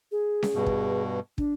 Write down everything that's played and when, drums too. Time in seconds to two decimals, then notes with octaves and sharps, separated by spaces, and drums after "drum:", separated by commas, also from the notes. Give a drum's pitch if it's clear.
0.12 G#4
0.43 drum: snare C#4
0.55 G2 B2
0.66 drum: kick
1.38 D4, drum: kick